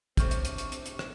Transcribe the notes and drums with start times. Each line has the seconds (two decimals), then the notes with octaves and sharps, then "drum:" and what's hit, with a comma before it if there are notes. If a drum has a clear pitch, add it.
0.17 A2 C3 C4 D4 C#6 F6 G6, drum: kick, hi-hat
0.31 drum: hi-hat
0.45 drum: hi-hat
0.58 drum: hi-hat
0.72 drum: hi-hat
0.86 drum: hi-hat
0.99 drum: rim click